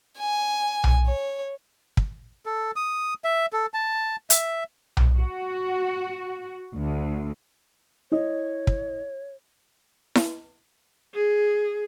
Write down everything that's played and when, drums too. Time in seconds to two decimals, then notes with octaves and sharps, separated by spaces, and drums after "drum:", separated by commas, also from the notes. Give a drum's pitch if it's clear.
0.19 G#5
0.84 drum: tom B1
1.07 C#5
1.97 drum: kick
2.46 A4
2.76 D#6
3.24 E5
3.53 A4
3.74 A5
4.30 E5, drum: hi-hat
4.97 drum: tom B1
5.15 F#4
6.75 D2
8.12 E4 C#5 D#5
8.67 drum: kick
10.15 drum: snare E4
11.15 G#4